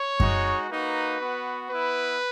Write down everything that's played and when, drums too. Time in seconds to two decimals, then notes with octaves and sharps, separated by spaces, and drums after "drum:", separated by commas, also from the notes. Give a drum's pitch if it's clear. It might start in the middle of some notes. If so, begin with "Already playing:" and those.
Already playing: C#5
0.20 G#3 D#4 F#4, drum: kick F#2
0.70 A#3 D#4 F#4 B4
1.19 B3 F#4
1.69 B3 E4 B4